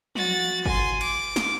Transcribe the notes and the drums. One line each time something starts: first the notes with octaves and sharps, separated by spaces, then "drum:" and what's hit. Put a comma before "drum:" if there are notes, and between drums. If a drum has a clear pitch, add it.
F#4 A6, drum: tom F3
G#5 C6, drum: kick G1
D6, drum: cymbal
drum: snare